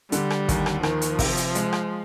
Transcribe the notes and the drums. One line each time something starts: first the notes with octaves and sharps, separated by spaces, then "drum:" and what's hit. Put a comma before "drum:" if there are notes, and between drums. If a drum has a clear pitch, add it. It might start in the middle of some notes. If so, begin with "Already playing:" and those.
D3 G3, drum: hi-hat
drum: rim click
D#2, drum: kick, hi-hat
drum: rim click
D#3 F3, drum: rim click
drum: hi-hat
C3, drum: kick, open hi-hat
drum: hi-hat
G#3, drum: hi-hat
drum: rim click